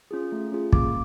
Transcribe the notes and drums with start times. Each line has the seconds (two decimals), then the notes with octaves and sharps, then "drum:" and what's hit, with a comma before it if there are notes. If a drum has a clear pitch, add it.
0.11 C#4 F4 G#4
0.32 A3
0.52 C#4 F4 G#4
0.73 A#3 D6, drum: kick